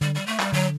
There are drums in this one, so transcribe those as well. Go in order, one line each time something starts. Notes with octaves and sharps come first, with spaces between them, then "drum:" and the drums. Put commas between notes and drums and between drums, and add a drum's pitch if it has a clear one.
D3 G3
G3
A3
G3, drum: clap
D3 F#3